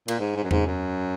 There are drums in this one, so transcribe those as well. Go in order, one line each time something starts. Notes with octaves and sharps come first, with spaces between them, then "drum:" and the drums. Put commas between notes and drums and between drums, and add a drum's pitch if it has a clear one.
A#2, drum: cymbal
G#2
G#2
F#2
G#2, drum: tom E2
F#2